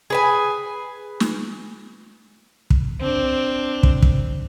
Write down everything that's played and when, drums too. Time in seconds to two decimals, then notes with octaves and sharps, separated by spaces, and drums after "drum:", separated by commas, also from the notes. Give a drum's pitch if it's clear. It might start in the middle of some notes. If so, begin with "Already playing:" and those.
0.10 G#4 B4 G#5
1.20 drum: snare
2.70 drum: kick
3.01 C4 D4
3.83 drum: kick
4.02 drum: kick